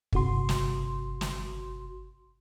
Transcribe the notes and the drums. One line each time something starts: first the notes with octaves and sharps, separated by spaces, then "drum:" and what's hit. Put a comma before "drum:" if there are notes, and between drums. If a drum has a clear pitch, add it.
G1 C3 F#4 C6, drum: kick
drum: snare
drum: snare